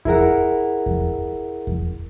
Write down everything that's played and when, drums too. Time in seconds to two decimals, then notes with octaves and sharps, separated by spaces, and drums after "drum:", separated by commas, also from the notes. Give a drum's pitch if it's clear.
0.05 E4 G#4 A#4 F#5, drum: kick E2
0.86 drum: kick E2
1.67 drum: kick E2